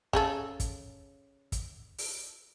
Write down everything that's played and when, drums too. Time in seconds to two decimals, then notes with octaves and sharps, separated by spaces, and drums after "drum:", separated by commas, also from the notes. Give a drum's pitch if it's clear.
0.13 C#3 G#4 A4, drum: kick
0.60 drum: kick, hi-hat
1.52 drum: kick, hi-hat
1.98 drum: open hi-hat